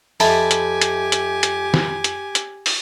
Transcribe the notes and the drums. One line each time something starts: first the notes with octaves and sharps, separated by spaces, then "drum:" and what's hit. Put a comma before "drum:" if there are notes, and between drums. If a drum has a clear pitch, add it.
F2 D#4 G4 E5 G#5 A5 B5, drum: open hi-hat
drum: hi-hat
drum: hi-hat
drum: hi-hat
drum: hi-hat
drum: snare
drum: hi-hat
drum: hi-hat
drum: open hi-hat